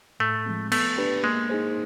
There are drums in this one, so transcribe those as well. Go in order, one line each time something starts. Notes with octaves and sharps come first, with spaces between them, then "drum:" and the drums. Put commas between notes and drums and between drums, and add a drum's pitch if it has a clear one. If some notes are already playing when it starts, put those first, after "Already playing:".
A2 A3
F3 G#3 C4
A3 B3, drum: cymbal
D4 G4 B4
G#3 A#3
D#4 G#4 C5